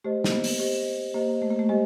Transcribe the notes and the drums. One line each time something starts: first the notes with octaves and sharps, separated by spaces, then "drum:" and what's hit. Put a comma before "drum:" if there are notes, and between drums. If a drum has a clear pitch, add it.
A3 G4 C5 D#5
A#3, drum: snare
B3
drum: open hi-hat
G4 C5 D#5
A#3 G4 C5 D#5
A3
A#3
A3
G#3 G4 C5 D#5